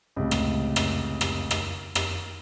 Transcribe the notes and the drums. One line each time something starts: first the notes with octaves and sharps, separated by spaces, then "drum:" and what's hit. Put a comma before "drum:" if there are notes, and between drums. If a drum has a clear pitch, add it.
C#2 A2 C3
drum: rim click
drum: rim click
drum: rim click
drum: rim click
drum: rim click